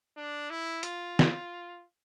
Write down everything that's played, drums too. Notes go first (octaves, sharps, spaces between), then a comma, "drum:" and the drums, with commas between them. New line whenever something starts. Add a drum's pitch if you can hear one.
D4
E4
F4, drum: hi-hat
drum: snare